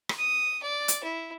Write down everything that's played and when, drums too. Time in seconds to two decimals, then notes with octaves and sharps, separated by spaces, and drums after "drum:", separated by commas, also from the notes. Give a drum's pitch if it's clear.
0.09 drum: rim click
0.18 D#6
0.63 D5
0.88 drum: hi-hat
1.04 E4